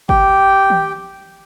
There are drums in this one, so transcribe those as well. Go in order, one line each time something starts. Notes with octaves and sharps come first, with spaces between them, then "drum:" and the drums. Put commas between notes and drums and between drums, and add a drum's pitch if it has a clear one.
G4 G5, drum: kick G1
drum: tom D#3